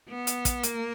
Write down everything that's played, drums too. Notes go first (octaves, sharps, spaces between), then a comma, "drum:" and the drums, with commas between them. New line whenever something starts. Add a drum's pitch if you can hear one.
B3
drum: hi-hat
drum: kick, hi-hat
A#3, drum: hi-hat